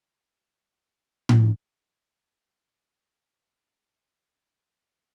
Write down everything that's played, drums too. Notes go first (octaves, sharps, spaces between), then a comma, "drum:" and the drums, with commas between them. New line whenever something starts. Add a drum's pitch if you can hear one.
G#4 B4
A3 D#4
D#3 F#3 G3 E4
drum: tom A2
D3 A3 C#4 G#4 A4 B4
E3 F#3 G3 A3 C4 E4
D#4 B4 D#5
C#4 E4 C5
G3 C4 D4 G4 C#5 D5